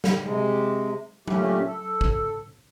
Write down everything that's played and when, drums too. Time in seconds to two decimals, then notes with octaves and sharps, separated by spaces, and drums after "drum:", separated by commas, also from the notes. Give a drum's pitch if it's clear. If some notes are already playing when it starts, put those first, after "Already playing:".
0.04 drum: snare
0.23 C3 G#3
1.28 A#2 A3 C#4 G4, drum: tom F#3
1.67 A4
2.01 drum: kick A1